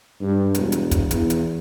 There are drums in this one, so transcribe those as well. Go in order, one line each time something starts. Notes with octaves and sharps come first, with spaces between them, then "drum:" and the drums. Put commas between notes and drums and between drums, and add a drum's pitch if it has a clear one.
G2
E1, drum: hi-hat
drum: hi-hat
drum: kick, hi-hat
E2, drum: hi-hat
drum: hi-hat